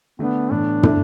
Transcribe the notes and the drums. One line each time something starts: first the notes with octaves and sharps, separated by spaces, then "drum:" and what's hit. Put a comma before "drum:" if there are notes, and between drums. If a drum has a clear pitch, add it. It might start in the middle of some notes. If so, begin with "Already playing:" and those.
D3 A3 B3 D4
A2 E3 B3 D4
D3 A3 E4, drum: tom